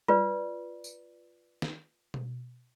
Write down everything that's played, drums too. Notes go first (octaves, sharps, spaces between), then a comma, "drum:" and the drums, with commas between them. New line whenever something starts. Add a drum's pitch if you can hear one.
F4 B4 D5, drum: tom G3
drum: tambourine
drum: snare
drum: tom B2